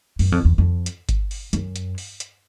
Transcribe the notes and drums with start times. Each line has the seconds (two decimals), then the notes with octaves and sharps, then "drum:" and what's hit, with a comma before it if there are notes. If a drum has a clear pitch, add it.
0.19 F#2, drum: open hi-hat
0.32 F2
0.45 E2
0.58 F2
0.86 drum: hi-hat
1.09 drum: kick G1, hi-hat
1.31 drum: open hi-hat
1.53 F#2, drum: hi-hat
1.76 drum: hi-hat
1.98 drum: open hi-hat
2.20 drum: hi-hat